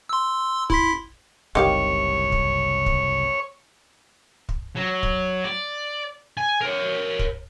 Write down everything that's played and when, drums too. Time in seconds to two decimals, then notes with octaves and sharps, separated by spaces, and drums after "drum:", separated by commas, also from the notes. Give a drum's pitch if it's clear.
0.09 C6 E6
0.70 E4 C6 B6, drum: kick
1.55 F#1 C2 C3 D#3 G4 C#5 F5
2.32 drum: kick
2.86 drum: kick
4.49 drum: kick
4.76 F#3
5.03 drum: kick
5.45 D5
6.37 G#5
6.61 A#4 C#5
7.19 drum: kick